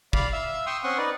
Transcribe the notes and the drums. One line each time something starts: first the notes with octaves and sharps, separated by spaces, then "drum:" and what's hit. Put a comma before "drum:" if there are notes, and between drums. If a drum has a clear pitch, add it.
D5 F5 B5, drum: kick
E5 F5 E6
G5 C6 C#6 D#6 E6
C4 C#4 F#5 C6 C#6 D#6
D#4 B4 D5